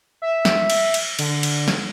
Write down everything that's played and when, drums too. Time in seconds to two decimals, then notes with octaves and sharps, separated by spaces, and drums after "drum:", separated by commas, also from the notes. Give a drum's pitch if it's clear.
0.22 E5
0.45 drum: snare
0.70 drum: cymbal
0.94 drum: cymbal
1.19 D3, drum: cymbal
1.43 drum: cymbal
1.68 drum: snare